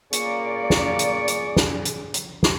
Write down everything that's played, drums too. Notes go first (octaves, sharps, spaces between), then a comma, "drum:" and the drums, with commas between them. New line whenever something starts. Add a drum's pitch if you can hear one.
A#2 C#3 A#3 G#4 D5 C#6, drum: hi-hat
drum: snare
drum: hi-hat
drum: hi-hat
drum: snare
drum: hi-hat
drum: hi-hat
drum: snare